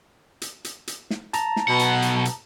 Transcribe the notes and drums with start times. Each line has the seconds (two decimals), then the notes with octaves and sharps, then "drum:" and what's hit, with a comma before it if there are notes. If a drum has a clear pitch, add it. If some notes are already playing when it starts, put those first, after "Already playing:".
0.42 drum: hi-hat
0.65 drum: hi-hat
0.87 drum: hi-hat
1.10 drum: snare
1.33 A5 A#5, drum: hi-hat
1.56 drum: snare
1.68 B1 B2 F#5
1.79 drum: hi-hat
2.02 drum: hi-hat
2.25 drum: hi-hat